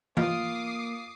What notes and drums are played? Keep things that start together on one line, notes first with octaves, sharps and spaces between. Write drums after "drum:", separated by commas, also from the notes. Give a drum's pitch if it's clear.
A#3 F4 D6 D#6 C7, drum: tom E3